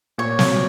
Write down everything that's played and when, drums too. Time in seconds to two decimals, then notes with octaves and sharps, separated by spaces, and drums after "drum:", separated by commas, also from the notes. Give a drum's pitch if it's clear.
0.18 A#2 C#5
0.39 F#3, drum: snare